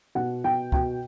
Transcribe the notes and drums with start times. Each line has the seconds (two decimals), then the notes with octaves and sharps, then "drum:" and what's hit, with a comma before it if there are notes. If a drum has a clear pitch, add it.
0.15 B2 F#5
0.44 B2 G5
0.72 B2 G5, drum: kick